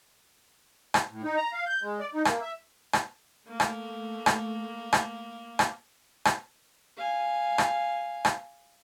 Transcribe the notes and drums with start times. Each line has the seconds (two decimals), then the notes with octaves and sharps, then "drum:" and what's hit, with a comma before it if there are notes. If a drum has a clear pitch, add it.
0.94 drum: rim click
1.11 A2
1.23 D#4
1.36 A#5
1.53 F5
1.66 G6
1.82 G#3
2.00 D5
2.14 D#4
2.25 A#3, drum: rim click
2.41 E5
2.93 drum: rim click
3.49 A3 A#3
3.60 drum: rim click
4.26 drum: rim click
4.93 drum: rim click
5.59 drum: rim click
6.25 drum: rim click
6.97 F5 G#5
7.58 drum: rim click
8.25 drum: rim click